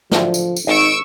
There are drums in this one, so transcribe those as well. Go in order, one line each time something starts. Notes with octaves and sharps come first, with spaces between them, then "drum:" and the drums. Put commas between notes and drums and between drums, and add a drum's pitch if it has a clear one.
D2 D3 F3, drum: snare
drum: tambourine
drum: tambourine
G#1 D#4 C#6 E6 D7